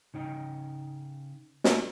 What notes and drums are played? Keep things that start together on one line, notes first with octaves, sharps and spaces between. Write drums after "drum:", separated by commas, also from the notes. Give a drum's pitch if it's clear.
C#3 D#4 G5
drum: snare